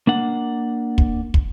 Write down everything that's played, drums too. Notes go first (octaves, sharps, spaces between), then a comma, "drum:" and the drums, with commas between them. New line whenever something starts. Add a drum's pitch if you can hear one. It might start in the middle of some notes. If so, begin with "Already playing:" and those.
A#3 D4 F#5
drum: kick
drum: kick